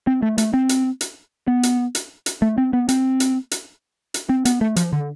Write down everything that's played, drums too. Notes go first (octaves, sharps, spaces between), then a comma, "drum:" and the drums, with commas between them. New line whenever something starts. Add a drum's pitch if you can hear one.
C4
A3
A3, drum: hi-hat
C4
drum: hi-hat
drum: hi-hat
B3
drum: hi-hat
drum: hi-hat
drum: hi-hat
A3
C4
B3
C4, drum: hi-hat
drum: hi-hat
drum: hi-hat
drum: hi-hat
C4
B3, drum: hi-hat
A3
F3, drum: hi-hat
D3